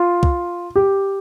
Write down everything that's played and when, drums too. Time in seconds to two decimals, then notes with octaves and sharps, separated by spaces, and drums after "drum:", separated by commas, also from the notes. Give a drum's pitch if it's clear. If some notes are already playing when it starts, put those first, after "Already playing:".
Already playing: F4
0.23 drum: kick
0.76 G4